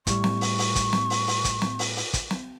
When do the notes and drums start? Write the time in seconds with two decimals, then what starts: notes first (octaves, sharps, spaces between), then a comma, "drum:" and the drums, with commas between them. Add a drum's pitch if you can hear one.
0.07 A2 G3 C#6, drum: kick, hi-hat
0.24 drum: snare
0.41 drum: open hi-hat
0.58 drum: open hi-hat
0.76 drum: kick, hi-hat
0.93 drum: snare
1.10 drum: open hi-hat
1.27 drum: open hi-hat
1.45 drum: kick, hi-hat
1.62 drum: snare
1.79 drum: open hi-hat
1.96 drum: open hi-hat
2.13 drum: kick, hi-hat
2.31 drum: snare